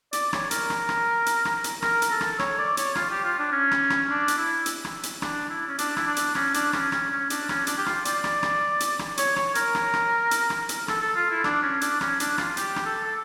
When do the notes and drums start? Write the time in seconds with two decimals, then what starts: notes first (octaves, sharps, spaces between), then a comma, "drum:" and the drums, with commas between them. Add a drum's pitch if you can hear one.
0.13 D5, drum: hi-hat
0.33 C#5, drum: rim click
0.51 A#4, drum: hi-hat
0.70 drum: rim click
0.89 drum: rim click
1.26 drum: hi-hat
1.45 drum: rim click
1.64 drum: hi-hat
1.82 A#4, drum: rim click
2.02 drum: hi-hat
2.11 A4
2.21 drum: rim click
2.39 C#5, drum: rim click
2.59 D5
2.77 C#5, drum: hi-hat
2.95 F4, drum: rim click
3.10 G4
3.24 F4
3.39 D4
3.52 C#4
3.71 drum: rim click
3.90 drum: rim click
4.10 D4
4.28 drum: hi-hat
4.38 E4
4.66 drum: hi-hat
4.85 drum: rim click
5.03 drum: hi-hat
5.22 D4, drum: rim click
5.50 E4
5.68 C#4
5.78 D4, drum: hi-hat
5.97 E4, drum: rim click
6.07 D4
6.17 drum: hi-hat
6.35 C#4, drum: rim click
6.54 D4, drum: hi-hat
6.73 C#4, drum: rim click
6.92 C#4, drum: rim click
7.11 C#4
7.30 D4, drum: hi-hat
7.49 C#4, drum: rim click
7.67 D4, drum: hi-hat
7.78 G4
7.86 F4, drum: rim click
8.05 D5, drum: hi-hat
8.24 drum: rim click
8.43 drum: rim click
8.80 drum: hi-hat
8.99 drum: rim click
9.18 C#5, drum: hi-hat
9.36 C#5, drum: rim click
9.55 A#4, drum: hi-hat
9.75 drum: rim click
9.94 drum: rim click
10.31 drum: hi-hat
10.50 drum: rim click
10.69 drum: hi-hat
10.88 A4, drum: rim click
11.02 A4
11.16 F4
11.31 E4
11.44 D4, drum: rim click
11.63 C#4
11.81 D4, drum: hi-hat
12.01 C#4, drum: rim click
12.20 D4, drum: hi-hat
12.38 F4, drum: rim click
12.57 G4, drum: hi-hat
12.76 drum: rim click
12.86 A4
13.04 A4